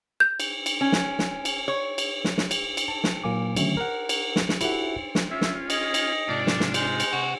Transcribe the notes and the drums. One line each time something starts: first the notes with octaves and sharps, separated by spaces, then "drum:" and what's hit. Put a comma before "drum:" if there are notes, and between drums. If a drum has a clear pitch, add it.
G6
drum: cymbal
drum: cymbal
C#4
drum: snare
drum: snare
drum: cymbal
C#5
drum: cymbal
drum: snare
drum: snare
drum: cymbal
drum: cymbal
A5
drum: snare
A#2 F#3 A#3 G#5 D6
D3 D#3 F#3 A3 C#4, drum: cymbal
A#4 F#5
drum: cymbal
drum: snare
drum: snare
E4 F#4 G4 A4 E5 F#5, drum: cymbal
drum: snare
C#4 F4 E5
drum: snare
G#4 D#5, drum: cymbal
drum: cymbal
G#2 C3 D4 F4 D5
drum: snare
drum: snare
G#3 C5, drum: cymbal
drum: cymbal
C3 F#4